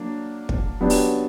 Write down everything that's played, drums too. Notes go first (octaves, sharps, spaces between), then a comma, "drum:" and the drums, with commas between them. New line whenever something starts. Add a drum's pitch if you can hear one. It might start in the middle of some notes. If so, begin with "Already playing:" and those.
Already playing: F#3 A#3 D4
drum: kick
F#3 B3 D4 G4
drum: open hi-hat